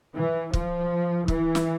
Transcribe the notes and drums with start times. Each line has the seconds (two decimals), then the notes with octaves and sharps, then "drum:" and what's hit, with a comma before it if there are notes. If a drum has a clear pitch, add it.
0.16 E3
0.53 F3, drum: kick
1.28 E3, drum: kick
1.55 drum: snare